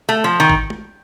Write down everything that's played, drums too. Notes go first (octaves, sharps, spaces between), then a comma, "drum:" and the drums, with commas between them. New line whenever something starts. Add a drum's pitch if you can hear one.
A3
F3
D#3
drum: kick G#1
drum: tom